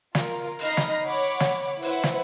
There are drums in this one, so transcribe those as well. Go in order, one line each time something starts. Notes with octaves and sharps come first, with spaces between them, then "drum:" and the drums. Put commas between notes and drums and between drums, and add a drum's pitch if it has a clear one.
F4 A#4, drum: snare
D#4 D#5 B5 F6 A#6 C7, drum: open hi-hat
drum: snare
C#5 F#5 B5 D6
drum: snare
E4 B4 C5 F#5, drum: open hi-hat
drum: snare